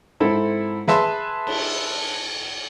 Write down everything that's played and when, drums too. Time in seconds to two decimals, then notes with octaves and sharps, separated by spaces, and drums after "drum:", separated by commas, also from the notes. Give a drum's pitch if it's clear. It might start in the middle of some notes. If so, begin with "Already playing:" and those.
0.20 G#2 C4 E4 A4 B5
0.88 G#4 B4 E5 A5 C6, drum: snare
1.47 drum: cymbal